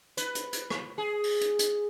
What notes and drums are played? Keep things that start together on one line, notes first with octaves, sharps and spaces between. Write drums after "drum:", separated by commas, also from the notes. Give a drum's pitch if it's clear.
B4, drum: hi-hat
drum: hi-hat
drum: hi-hat
drum: rim click
G#4
drum: open hi-hat
drum: hi-hat
drum: hi-hat